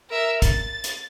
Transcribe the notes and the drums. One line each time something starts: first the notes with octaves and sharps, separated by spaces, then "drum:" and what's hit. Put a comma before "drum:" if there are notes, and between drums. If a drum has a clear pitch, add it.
A#4 E5
A6, drum: kick, hi-hat
drum: hi-hat